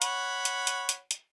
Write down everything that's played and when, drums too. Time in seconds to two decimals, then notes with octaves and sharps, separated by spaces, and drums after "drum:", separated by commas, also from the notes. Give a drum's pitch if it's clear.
0.02 C#5 F#5 B5, drum: hi-hat
0.45 drum: hi-hat
0.67 drum: hi-hat
0.89 drum: hi-hat
1.11 drum: hi-hat